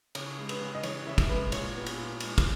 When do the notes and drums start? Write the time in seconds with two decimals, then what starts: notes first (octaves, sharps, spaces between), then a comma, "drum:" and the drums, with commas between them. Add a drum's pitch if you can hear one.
0.15 C#3 C#5, drum: cymbal
0.38 G#3
0.49 B4, drum: cymbal
0.61 C#3
0.75 D#5
0.83 E3 C#5, drum: cymbal
1.07 C#3 E5
1.18 drum: kick, cymbal
1.29 G#3 B4
1.52 A#2 C#5, drum: cymbal
1.75 B3
1.86 drum: cymbal
1.98 A#2
2.20 G#3, drum: cymbal
2.38 drum: kick, cymbal